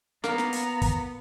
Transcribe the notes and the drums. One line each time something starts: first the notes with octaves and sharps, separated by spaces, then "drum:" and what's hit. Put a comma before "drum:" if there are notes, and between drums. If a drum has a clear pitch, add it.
A#3 B3 A#5, drum: snare
drum: snare
drum: hi-hat
drum: kick, hi-hat